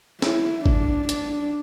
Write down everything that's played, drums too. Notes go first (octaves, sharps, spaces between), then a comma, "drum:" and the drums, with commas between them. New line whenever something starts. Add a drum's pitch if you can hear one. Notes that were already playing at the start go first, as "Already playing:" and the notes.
E4, drum: snare
D4, drum: kick
D4, drum: hi-hat